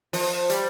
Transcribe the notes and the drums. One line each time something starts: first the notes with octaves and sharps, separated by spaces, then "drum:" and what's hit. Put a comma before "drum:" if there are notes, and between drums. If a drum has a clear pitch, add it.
F3, drum: open hi-hat
G3, drum: hi-hat